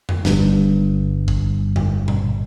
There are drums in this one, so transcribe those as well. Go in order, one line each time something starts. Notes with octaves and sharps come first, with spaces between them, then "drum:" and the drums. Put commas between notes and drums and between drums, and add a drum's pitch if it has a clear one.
drum: tom F2
G1 G2, drum: snare
drum: kick
drum: tom F2
drum: tom A#2